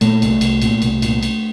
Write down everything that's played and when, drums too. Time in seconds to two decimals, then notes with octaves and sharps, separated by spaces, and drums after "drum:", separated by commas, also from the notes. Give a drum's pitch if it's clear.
0.01 A#2 A3, drum: cymbal
0.22 C2, drum: cymbal
0.41 C2, drum: cymbal
0.62 A#2, drum: cymbal
0.82 C2, drum: cymbal
1.02 A#2, drum: cymbal
1.23 drum: cymbal